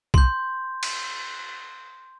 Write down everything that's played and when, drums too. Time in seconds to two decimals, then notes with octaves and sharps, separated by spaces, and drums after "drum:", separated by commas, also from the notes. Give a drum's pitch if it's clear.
0.14 C6 G6, drum: kick B1
0.83 drum: cymbal